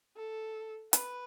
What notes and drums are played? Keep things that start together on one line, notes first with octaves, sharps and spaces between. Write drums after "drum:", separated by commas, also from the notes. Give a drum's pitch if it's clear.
A4
B4, drum: hi-hat